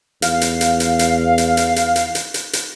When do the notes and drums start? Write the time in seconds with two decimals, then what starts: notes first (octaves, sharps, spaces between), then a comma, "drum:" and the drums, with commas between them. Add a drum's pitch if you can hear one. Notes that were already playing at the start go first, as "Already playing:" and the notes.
0.22 E2 F5, drum: hi-hat
0.41 drum: hi-hat
0.61 drum: hi-hat
0.80 drum: hi-hat
0.99 drum: hi-hat
1.38 drum: hi-hat
1.57 drum: hi-hat
1.76 drum: hi-hat
1.96 drum: hi-hat
2.15 drum: hi-hat
2.34 drum: hi-hat
2.53 drum: hi-hat